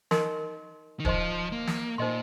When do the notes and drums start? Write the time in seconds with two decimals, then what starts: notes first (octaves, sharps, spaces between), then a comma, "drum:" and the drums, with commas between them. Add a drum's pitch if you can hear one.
0.11 D#4 A#4 D#5 C6, drum: snare
1.00 D#3
1.05 F3 D#4 C5 D#5 C6, drum: kick
1.52 A#3
1.67 drum: snare
1.98 A#2 D#4 C5 D#5 C6